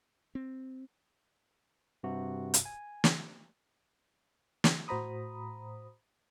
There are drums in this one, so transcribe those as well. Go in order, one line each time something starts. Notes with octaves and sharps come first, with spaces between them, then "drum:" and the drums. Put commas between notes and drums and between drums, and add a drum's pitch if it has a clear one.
C4
G2 C3 F#4
drum: hi-hat
G#5
drum: snare
drum: snare
A2 F#4 C5 A#5 B5 D#6